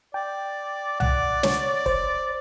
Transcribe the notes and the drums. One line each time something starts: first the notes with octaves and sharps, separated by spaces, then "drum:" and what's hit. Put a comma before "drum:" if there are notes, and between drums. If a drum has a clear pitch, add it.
D5 G5
D5 F#5, drum: tom C2
C#5, drum: snare
C5, drum: kick